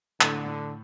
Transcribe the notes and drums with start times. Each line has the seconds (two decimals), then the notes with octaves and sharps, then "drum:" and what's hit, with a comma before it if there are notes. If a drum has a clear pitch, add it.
0.21 A2 D3, drum: clap
0.46 A2